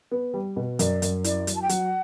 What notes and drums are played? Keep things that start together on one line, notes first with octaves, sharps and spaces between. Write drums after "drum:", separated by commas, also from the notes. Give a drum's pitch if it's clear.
B3
G3
B2
F#2 D5, drum: hi-hat
F#2, drum: hi-hat
E4 D5, drum: hi-hat
F#3, drum: hi-hat
A5
G5
F#3 F#5, drum: hi-hat